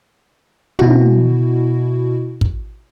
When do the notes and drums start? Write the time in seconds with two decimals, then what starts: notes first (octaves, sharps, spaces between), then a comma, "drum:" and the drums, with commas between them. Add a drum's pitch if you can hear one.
0.79 B2 E4 F#4, drum: tom
2.41 drum: kick